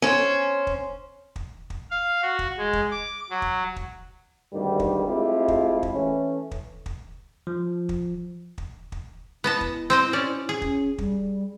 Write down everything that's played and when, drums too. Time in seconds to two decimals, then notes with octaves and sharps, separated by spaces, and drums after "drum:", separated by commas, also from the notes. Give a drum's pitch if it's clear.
0.02 C#4 C5
0.67 drum: kick
1.36 drum: kick
1.70 drum: kick
1.91 F5
2.22 F#4
2.39 drum: kick
2.58 G#3
2.73 drum: kick
2.91 D6
3.30 F#3
3.42 drum: kick
3.76 drum: kick
4.53 G#1 D2 G2 D#3 G3
4.79 drum: kick
5.08 G#3 A3 C4 E4 F4 G4
5.48 drum: kick
5.83 drum: kick
5.94 E3 A3 C#4
6.51 drum: kick
6.86 drum: kick
7.47 F3
7.89 drum: kick
8.58 drum: kick
8.92 drum: kick
9.44 B3 E4 D#5 A5
9.61 drum: kick
9.90 C4 C5 D#5
10.13 C#4 D5
10.49 G#4
10.62 C#4, drum: kick
10.98 G3, drum: kick